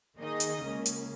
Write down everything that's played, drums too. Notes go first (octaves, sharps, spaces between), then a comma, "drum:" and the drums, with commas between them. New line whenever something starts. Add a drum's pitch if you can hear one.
D#3 A#3 D#4 G#4 D#5
drum: hi-hat
C#2 C#3 A#3 C#4
drum: hi-hat